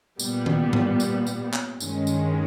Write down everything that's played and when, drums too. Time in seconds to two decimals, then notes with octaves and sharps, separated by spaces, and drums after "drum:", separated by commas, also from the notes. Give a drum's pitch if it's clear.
0.19 A#2 G3 B3, drum: tambourine
0.46 drum: tom D#3
0.73 drum: tom G#2
1.00 drum: tambourine
1.27 drum: tambourine
1.53 drum: clap
1.80 G2 D#3 G#3 C#4, drum: tambourine
2.07 drum: tambourine